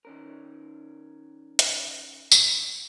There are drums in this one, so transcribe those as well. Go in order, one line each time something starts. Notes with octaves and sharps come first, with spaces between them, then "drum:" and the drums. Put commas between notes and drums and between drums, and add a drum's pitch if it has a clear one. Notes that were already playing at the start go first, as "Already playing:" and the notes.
D#3 C#4 A#4
drum: hi-hat
drum: tambourine